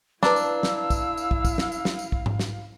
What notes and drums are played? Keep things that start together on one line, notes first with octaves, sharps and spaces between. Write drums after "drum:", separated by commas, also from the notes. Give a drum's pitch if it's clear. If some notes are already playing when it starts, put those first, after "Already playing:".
D4 E4 B4 F5 A5 A#5 E6, drum: snare
drum: tambourine
drum: snare
drum: kick, tambourine
drum: tambourine
drum: kick
drum: kick, tambourine
drum: snare
drum: tambourine
drum: snare
drum: tambourine
drum: kick
drum: tom G#2
drum: snare